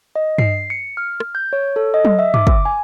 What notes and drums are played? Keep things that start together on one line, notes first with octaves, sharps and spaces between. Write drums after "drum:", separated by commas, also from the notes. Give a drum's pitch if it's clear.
D#5
C7, drum: tom G2
C#7
F6
drum: rim click
G6
C#5
A4
D#5
drum: tom F#3
E5
D6, drum: tom G2
drum: kick
G#5